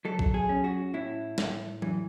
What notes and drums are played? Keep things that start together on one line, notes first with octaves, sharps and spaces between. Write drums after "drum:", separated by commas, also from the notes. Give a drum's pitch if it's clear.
F#3 A4
drum: kick
G#4
C#4
F#4
A2 E4
A2, drum: snare
E3, drum: tom F#3